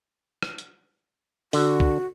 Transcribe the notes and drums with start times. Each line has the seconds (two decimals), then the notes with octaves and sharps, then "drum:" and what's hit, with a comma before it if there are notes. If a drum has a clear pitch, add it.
0.43 drum: rim click
0.58 drum: hi-hat
1.53 D3 F#4, drum: open hi-hat
1.80 drum: kick